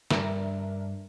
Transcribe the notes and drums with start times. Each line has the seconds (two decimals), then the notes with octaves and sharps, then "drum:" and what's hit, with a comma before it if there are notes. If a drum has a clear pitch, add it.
0.11 G2 D4 A#4 E5, drum: snare